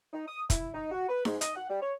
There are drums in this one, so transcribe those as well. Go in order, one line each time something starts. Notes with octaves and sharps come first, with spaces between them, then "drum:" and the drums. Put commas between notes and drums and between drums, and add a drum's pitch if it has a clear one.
D#4
D#6
E4, drum: kick, hi-hat
D#4
F#4
B4
G#2, drum: snare D#4
D#5, drum: hi-hat
F#5
G3
C#5